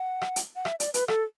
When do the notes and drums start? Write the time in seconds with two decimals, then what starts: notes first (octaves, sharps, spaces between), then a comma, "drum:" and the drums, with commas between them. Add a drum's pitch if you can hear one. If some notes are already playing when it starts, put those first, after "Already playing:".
Already playing: F#5
0.22 drum: rim click
0.36 drum: hi-hat
0.56 F#5
0.65 E5, drum: rim click
0.80 D5, drum: hi-hat
0.94 B4, drum: hi-hat
1.08 A4, drum: rim click